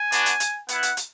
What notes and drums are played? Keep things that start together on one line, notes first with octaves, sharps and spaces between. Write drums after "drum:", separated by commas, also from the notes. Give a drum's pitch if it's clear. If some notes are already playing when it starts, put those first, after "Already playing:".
Already playing: G#5
B3 D4 F#4, drum: hi-hat
drum: hi-hat
drum: hi-hat
B3 E4 F#5, drum: hi-hat
drum: hi-hat
drum: hi-hat